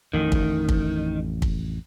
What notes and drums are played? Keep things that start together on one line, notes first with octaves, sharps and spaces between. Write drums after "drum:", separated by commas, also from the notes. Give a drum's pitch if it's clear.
A1 F2 A2 D#3
drum: kick
drum: kick
drum: kick